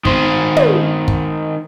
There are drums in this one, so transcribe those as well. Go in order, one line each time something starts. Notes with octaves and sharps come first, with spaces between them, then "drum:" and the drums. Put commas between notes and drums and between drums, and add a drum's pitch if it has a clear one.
D#3 C5, drum: kick
drum: tom
drum: kick